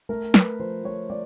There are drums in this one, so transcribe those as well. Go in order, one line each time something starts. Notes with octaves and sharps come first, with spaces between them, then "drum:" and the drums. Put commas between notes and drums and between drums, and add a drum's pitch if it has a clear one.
A3 A#4
A3 B4, drum: snare
F3 C5
A3 C#5
A3 D5